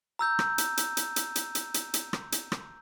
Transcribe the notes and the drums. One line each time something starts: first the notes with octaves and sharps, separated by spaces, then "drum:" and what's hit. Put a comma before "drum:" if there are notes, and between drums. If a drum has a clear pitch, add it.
A#5 E6 G6
drum: rim click
drum: hi-hat
drum: hi-hat
drum: hi-hat
drum: hi-hat
drum: hi-hat
drum: hi-hat
drum: hi-hat
drum: hi-hat
drum: rim click
drum: hi-hat
drum: rim click